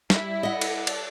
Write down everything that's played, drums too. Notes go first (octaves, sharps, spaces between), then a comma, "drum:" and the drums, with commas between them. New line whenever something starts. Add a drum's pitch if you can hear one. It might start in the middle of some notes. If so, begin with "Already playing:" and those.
G3 E4, drum: snare
A4 D5 D#5 F#5
drum: cymbal
drum: cymbal